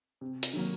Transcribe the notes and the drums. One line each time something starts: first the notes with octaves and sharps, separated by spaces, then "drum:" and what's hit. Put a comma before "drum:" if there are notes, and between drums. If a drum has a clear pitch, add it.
C3
drum: hi-hat
D#3 F#3 A#3